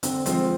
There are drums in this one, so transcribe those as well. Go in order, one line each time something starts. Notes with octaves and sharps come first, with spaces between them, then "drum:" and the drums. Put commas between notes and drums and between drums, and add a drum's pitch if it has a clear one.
D3 C4, drum: hi-hat
F3 G#3 C4, drum: hi-hat